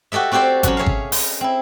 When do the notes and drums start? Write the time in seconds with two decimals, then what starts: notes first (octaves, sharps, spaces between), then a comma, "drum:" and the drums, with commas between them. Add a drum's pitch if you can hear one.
0.12 F#4 G4 A4 D#5 E5
0.32 C4 F#4 G4 A4 C5 D5
0.63 F#3 C#4 F#4, drum: kick G#1, hi-hat
0.77 G#4 C#5 E5 F5
0.86 drum: kick G#1
1.12 D#5, drum: open hi-hat
1.41 C4 E4